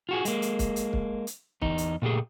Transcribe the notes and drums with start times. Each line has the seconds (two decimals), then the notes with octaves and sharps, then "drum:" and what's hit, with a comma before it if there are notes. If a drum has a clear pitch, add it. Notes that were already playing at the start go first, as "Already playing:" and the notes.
0.09 F4 F#4 G#4
0.25 G#3 A#3, drum: hi-hat
0.42 drum: hi-hat
0.59 drum: kick, hi-hat
0.76 drum: hi-hat
0.93 drum: kick
1.27 drum: hi-hat
1.62 E2 D#4, drum: kick
1.78 drum: hi-hat
2.02 A#2 A3 G4 G#4